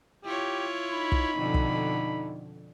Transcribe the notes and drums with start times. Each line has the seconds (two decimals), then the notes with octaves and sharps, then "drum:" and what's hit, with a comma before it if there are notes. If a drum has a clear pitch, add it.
0.25 E4 F4 G4 C#5
0.91 D#4 B5
1.12 drum: kick
1.37 F2 B2 D3
1.54 drum: kick